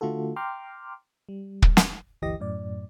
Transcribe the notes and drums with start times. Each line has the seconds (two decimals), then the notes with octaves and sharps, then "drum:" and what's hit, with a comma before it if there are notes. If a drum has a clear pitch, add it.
0.01 D3 A3 F4 F#4 A4
0.36 G5 A#5 C6 D6 F6
1.29 G3
1.62 drum: kick
1.77 drum: snare
2.22 G1 D2 E3 G4 D#5 A#6
2.40 F#2 A2 D5